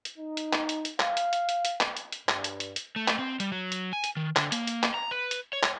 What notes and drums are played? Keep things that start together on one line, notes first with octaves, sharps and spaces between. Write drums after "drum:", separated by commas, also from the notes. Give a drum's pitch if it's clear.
drum: hi-hat
D#4
drum: hi-hat
drum: clap
drum: hi-hat
drum: hi-hat
F5, drum: clap
drum: hi-hat
drum: hi-hat
drum: hi-hat
drum: hi-hat
drum: clap
drum: hi-hat
drum: hi-hat
G2, drum: clap
drum: hi-hat
drum: hi-hat
drum: hi-hat
A3
drum: clap
C4
G3, drum: hi-hat
F#3
drum: hi-hat
G#5
drum: hi-hat
D#3
D3, drum: clap
A#3, drum: hi-hat
drum: hi-hat
drum: clap
A#5
B4
drum: hi-hat
C#5
drum: clap